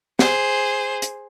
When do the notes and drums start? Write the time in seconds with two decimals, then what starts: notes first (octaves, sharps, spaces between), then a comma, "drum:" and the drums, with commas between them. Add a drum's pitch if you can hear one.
0.19 G#4 C5, drum: snare
1.02 drum: hi-hat